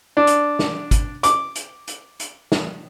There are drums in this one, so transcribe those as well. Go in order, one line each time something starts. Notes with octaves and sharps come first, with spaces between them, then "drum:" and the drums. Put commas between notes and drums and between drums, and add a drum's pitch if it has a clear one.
D4
drum: hi-hat
drum: snare
drum: kick, hi-hat
D6, drum: hi-hat
drum: hi-hat
drum: hi-hat
drum: hi-hat
drum: snare